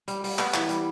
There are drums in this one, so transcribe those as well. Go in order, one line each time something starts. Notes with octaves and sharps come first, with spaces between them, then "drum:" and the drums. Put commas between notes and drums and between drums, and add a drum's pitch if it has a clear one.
G3, drum: hi-hat
G3, drum: open hi-hat
B3, drum: clap
E3, drum: clap
G3, drum: hi-hat